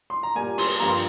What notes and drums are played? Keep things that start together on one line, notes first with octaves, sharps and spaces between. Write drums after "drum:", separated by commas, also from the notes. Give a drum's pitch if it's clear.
C6
A#5
A#2 G3 A#3 G#5
C6, drum: open hi-hat
G2 F3 A#3 A#5
C6